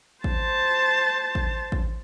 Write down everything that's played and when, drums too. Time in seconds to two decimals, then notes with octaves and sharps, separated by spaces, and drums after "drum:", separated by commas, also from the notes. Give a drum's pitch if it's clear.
0.24 C5 A5, drum: kick A1
1.35 drum: kick A1
1.72 drum: kick A1